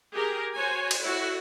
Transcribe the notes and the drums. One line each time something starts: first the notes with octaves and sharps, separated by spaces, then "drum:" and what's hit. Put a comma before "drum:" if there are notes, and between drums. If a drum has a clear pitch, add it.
G4 G#4 A#4
F#4 C5 C#5 G#5
drum: cymbal
E4 F#4